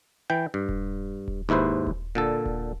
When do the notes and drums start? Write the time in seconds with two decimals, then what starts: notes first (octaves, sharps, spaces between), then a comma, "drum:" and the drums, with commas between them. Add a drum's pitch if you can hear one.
0.30 E3 G5
0.54 G2
0.69 drum: kick D#1
1.28 drum: kick D#1
1.49 D#2 G#2 E4 B4 C5
1.87 drum: kick D#1
2.15 A#2 D3 A4
2.46 drum: kick D#1